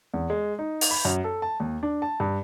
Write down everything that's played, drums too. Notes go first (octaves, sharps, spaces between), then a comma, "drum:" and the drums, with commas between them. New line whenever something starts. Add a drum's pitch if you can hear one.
E2
G#3
D#4
drum: open hi-hat
B5
F#2
A4
A5
D#2
D4
A5
G2